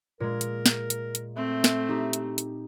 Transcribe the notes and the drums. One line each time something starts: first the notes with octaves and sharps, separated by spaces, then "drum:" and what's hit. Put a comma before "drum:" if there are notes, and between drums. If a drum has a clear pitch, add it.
A#2 G#3 A#4
drum: hi-hat
drum: snare
drum: hi-hat
drum: hi-hat
A3 C4 E5
drum: snare
D#4 G4
drum: hi-hat
drum: hi-hat